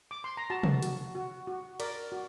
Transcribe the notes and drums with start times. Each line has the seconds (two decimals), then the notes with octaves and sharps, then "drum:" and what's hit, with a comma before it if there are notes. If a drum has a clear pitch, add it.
0.11 D6
0.24 C6
0.37 A#5
0.50 F#4 A5
0.63 drum: tom
0.83 F#4, drum: hi-hat
1.15 F#4
1.47 F#4
1.80 A#4 D5, drum: cymbal
2.12 F#4